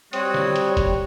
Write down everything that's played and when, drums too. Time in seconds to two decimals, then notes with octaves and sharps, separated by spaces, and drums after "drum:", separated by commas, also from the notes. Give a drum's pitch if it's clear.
0.13 G3 C4 F#4 C#5 D#6, drum: hi-hat
0.34 drum: snare
0.56 drum: hi-hat
0.77 drum: kick, hi-hat